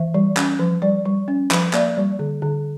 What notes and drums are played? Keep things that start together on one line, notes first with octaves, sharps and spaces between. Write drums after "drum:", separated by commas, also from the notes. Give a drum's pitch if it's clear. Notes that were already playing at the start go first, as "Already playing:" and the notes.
Already playing: E3 E5
G3
C#4, drum: clap
F3
G3 D5
G3
C#4
F3, drum: clap
A#3 D5, drum: clap
G3
D3
D3